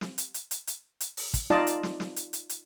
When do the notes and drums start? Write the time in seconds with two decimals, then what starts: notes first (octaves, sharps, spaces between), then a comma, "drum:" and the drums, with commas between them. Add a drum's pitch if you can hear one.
0.01 drum: snare
0.18 drum: hi-hat
0.34 drum: hi-hat
0.51 drum: hi-hat
0.67 drum: hi-hat
1.00 drum: hi-hat
1.17 drum: open hi-hat
1.34 drum: kick, hi-hat
1.50 D#4 F4 D5 D#5 A5, drum: snare
1.67 drum: hi-hat
1.83 drum: snare
2.00 drum: snare
2.16 drum: hi-hat
2.33 drum: hi-hat
2.49 drum: hi-hat